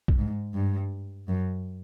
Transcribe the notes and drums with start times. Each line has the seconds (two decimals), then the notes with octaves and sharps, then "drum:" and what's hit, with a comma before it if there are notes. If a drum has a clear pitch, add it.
0.08 drum: kick B1
0.18 G#2
0.55 G2
1.28 F#2